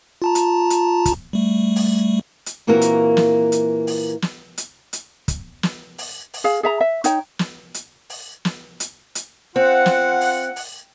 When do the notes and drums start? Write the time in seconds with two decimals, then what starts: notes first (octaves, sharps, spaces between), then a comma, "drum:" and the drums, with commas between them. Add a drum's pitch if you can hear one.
0.22 F4 A5 A#5
0.35 drum: hi-hat
0.70 drum: hi-hat
1.05 drum: kick, hi-hat
1.33 G3 A3
1.76 drum: open hi-hat
2.46 drum: hi-hat
2.67 A#2 E3 A#3 C4 F#4 A#4
2.82 drum: hi-hat
3.17 drum: snare
3.52 drum: hi-hat
3.87 drum: open hi-hat
4.22 drum: snare
4.58 drum: hi-hat
4.93 drum: hi-hat
5.28 drum: kick, hi-hat
5.63 drum: snare
5.98 drum: open hi-hat
6.34 drum: open hi-hat
6.44 G#4 F5
6.63 G#4 E5 A#5
6.81 E5
7.04 D#4 C#5 G5, drum: hi-hat
7.39 drum: snare
7.74 drum: hi-hat
8.10 drum: open hi-hat
8.45 drum: snare
8.80 drum: hi-hat
9.15 drum: hi-hat
9.56 C4 F4 F5 F#5
9.86 drum: snare
10.21 drum: open hi-hat
10.56 drum: open hi-hat